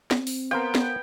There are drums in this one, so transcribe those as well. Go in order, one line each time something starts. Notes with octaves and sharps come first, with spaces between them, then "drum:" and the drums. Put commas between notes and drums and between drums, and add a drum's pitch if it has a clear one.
C4, drum: snare
drum: open hi-hat
B3 A#4 C5 F5 G5
drum: snare